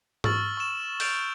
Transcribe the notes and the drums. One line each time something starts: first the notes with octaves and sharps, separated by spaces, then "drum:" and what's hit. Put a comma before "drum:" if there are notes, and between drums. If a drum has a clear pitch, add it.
C#6 E6 F6 A6 F#7, drum: tom G#2
C#6 E7
F6 G6 A6 D7 F7, drum: open hi-hat